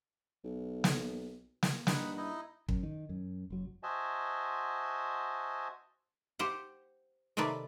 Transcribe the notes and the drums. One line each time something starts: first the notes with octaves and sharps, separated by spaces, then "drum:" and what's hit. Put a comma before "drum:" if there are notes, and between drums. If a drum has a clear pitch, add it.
B1
drum: snare
drum: snare
G2 D#4 F#5 B5, drum: snare
D#4 E4 D#5
F#2, drum: kick
D#3
F#2
F#1 F#3
F#4 C5 D#5 E5 G#5 A5
G4 C5 F#5
C3 D#3 A3 B4 D5